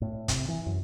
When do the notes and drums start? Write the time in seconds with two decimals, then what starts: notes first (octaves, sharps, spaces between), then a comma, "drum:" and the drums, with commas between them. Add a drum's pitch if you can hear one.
0.02 A2
0.28 C3, drum: kick, hi-hat
0.49 E3
0.66 F#2